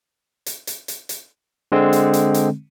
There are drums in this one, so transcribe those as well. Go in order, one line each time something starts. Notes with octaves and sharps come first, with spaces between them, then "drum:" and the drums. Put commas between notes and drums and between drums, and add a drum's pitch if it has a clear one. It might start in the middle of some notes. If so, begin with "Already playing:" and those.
drum: hi-hat
drum: hi-hat
drum: hi-hat
drum: hi-hat
D3 G#3 C4
drum: hi-hat
drum: hi-hat
drum: hi-hat